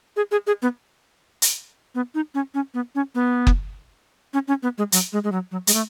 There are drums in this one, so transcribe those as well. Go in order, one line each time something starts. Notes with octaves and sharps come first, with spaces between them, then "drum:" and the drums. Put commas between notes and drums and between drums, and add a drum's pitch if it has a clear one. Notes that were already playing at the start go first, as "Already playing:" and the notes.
G#4
G#4
G#4
B3
drum: hi-hat
B3
D#4
C#4
C#4
B3
C#4
B3
drum: kick F#1
C#4
C#4
B3
G#3
F#3, drum: hi-hat
G#3
G#3
F#3
F#3
G#3, drum: hi-hat
A3